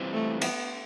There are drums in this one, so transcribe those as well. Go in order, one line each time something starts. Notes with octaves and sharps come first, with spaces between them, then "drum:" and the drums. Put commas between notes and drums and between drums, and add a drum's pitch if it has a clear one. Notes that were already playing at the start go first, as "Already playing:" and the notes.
Already playing: E3 G3 C4 F4
A3
B3, drum: cymbal